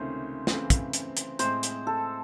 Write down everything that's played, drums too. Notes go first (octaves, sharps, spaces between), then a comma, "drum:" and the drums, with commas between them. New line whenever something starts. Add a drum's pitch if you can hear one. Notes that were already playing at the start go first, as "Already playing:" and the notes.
Already playing: C#2 C3 D#3 A3 C#4 C5
C#3 E3 A3 C4, drum: snare
drum: kick, hi-hat
drum: hi-hat
drum: hi-hat
A2 G#3 C4 C5, drum: hi-hat
drum: hi-hat
A4